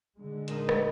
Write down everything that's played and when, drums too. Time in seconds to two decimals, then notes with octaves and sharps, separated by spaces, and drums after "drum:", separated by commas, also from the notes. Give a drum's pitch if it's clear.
0.18 D3 G#3
0.48 A#2 D4 D#4, drum: hi-hat
0.69 drum: rim click